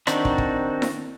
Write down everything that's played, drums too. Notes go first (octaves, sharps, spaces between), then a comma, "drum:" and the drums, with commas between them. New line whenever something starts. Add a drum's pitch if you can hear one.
D#3 C4 D4 D#4 F#4, drum: rim click
drum: kick
drum: kick
drum: snare E4